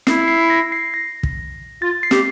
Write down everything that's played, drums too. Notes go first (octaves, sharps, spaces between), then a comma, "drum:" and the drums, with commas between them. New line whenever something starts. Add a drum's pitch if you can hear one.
E4 C7, drum: snare
C7
A#6
C7
A#6
drum: kick
F4 A6
C7
G4, drum: snare